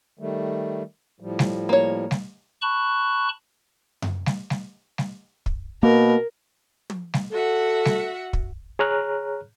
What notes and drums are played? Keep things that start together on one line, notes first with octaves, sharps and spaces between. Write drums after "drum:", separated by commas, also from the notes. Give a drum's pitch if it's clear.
D#3 G3 A3
A2 F3 G3
drum: snare G3
A#3 C#5
drum: snare G3
A5 B5 C#6 F#6
drum: tom F#2
drum: snare G3
drum: snare G3
drum: snare G3
drum: kick
B2 A#3 A#4
drum: tom
drum: snare G3
F#4 A4 E5 F#5
drum: snare G3
drum: kick
G#4 C#5 A#5 F6 F#6